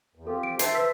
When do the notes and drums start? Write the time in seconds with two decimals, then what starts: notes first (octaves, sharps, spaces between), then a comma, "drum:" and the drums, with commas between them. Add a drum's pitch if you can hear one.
0.15 E2
0.27 C4 F4 G4 A4
0.43 D7
0.59 C5 E5 A5 C7, drum: hi-hat
0.74 B4 E6 B6